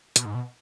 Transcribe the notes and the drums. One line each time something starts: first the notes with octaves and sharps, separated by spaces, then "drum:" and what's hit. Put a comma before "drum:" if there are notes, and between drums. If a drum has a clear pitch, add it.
B2, drum: hi-hat
G#2
B2